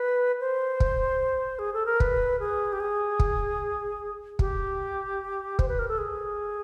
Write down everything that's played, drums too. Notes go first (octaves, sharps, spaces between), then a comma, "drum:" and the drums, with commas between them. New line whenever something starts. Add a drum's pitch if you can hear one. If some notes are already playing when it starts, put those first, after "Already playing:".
Already playing: B4
C5
drum: kick
G#4
A4
A#4
B4, drum: kick
G#4
G4
G#4
drum: kick
G4, drum: kick
C5, drum: kick
B4
A#4
A4
G#4